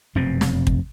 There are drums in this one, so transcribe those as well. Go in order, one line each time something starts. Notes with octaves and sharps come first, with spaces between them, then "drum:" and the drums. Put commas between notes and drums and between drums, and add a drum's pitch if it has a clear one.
F1 F#2 B2 C4
drum: snare
drum: kick